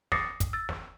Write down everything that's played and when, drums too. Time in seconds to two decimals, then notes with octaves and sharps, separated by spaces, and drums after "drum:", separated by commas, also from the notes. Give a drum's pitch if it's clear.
0.12 D6 D#6 A6 A#6 C7 C#7, drum: snare
0.40 drum: kick, hi-hat
0.53 E6 A6
0.69 drum: snare